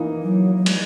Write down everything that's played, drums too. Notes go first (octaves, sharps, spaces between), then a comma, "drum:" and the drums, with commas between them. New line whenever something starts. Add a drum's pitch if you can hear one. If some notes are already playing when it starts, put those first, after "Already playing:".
Already playing: E3 A#3 D#4
F#3
F#3
G#3, drum: cymbal